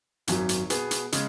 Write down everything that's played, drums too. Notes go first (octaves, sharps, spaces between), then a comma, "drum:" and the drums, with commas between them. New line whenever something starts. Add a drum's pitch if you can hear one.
G#1 F#2 F#3, drum: hi-hat
drum: hi-hat
B2 B3 G#4, drum: hi-hat
drum: hi-hat
C#3 G#3, drum: hi-hat